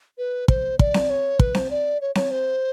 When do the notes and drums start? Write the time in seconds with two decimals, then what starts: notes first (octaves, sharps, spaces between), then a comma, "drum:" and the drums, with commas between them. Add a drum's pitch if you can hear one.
0.18 B4
0.48 C5, drum: kick
0.79 D5, drum: kick
0.94 drum: snare C4
1.10 C#5
1.39 B4, drum: kick
1.55 C5, drum: snare C4
1.71 D5
2.01 C#5
2.15 C#5, drum: snare C4
2.31 C5